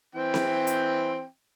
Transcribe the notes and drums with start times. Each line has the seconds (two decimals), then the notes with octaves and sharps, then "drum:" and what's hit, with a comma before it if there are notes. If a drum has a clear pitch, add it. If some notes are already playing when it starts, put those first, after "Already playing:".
0.15 E3 C4 G5
0.34 drum: snare C4
0.67 drum: hi-hat